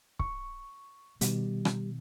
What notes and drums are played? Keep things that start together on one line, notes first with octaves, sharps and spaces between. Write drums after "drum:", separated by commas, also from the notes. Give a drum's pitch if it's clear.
C#6, drum: kick C#1
B2 D#3 G3, drum: hi-hat
drum: rim click